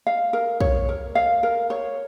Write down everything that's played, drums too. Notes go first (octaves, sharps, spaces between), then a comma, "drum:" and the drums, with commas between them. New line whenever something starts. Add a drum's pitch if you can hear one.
F5
A#4
C#5, drum: kick
A#4
F5
A#4
C#5